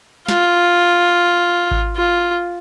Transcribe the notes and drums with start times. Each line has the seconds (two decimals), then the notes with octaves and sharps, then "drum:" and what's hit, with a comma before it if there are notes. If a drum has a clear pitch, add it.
0.28 F4, drum: snare
1.71 drum: kick G#1
1.96 F4